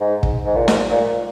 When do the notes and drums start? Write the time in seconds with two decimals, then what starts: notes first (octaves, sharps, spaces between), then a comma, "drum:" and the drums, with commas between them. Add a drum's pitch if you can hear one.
0.01 G#2
0.23 drum: kick
0.46 G#2
0.56 A#2
0.68 G#2, drum: snare
0.91 A#2